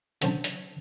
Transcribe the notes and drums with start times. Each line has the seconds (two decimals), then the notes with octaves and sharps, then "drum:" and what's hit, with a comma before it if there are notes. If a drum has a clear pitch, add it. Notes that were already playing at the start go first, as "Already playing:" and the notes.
0.22 B1 D3 C#4 C5 A5, drum: hi-hat
0.44 drum: hi-hat